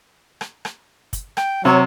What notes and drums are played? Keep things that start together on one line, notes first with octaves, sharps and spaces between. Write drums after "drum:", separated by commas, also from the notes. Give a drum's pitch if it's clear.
drum: rim click
drum: rim click
drum: kick, hi-hat
G5, drum: rim click
C3 F#3 C#5